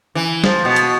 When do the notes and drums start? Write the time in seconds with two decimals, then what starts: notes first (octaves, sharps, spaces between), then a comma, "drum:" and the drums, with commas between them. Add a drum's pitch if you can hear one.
0.15 E3
0.44 F3, drum: snare
0.65 B2
0.76 drum: hi-hat